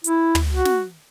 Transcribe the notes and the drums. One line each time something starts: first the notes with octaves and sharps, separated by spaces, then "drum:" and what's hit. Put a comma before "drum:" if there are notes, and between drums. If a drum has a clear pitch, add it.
E4, drum: hi-hat
drum: tom
F#4
drum: snare